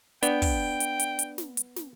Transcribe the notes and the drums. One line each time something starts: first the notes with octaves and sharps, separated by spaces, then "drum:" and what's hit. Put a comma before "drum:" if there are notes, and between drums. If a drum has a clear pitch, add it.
B3 D4 D5 G5, drum: hi-hat
drum: kick, open hi-hat
drum: hi-hat
drum: hi-hat
drum: hi-hat
drum: snare
drum: hi-hat
drum: snare